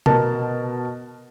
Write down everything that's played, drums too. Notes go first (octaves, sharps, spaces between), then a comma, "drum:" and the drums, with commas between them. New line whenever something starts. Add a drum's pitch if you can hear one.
B2 A#4 A5, drum: tom C3